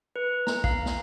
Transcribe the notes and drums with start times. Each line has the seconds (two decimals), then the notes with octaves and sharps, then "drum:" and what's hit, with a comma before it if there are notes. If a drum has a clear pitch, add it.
0.16 B4
0.47 A#5, drum: snare
0.64 F5, drum: kick
0.86 drum: snare